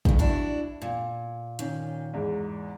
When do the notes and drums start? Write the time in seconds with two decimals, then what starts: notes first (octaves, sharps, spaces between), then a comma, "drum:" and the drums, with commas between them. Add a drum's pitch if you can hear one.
0.05 G2 C#3, drum: kick
0.19 D4 E4 F#4
0.82 A#2
1.59 D#3 C#4, drum: hi-hat
2.13 E2 G#2